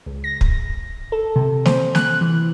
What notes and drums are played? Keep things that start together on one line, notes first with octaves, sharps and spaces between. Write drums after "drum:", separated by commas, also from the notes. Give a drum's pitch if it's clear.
C#2
A#6
drum: kick
A4
C3
C5, drum: snare
F#6, drum: snare
E3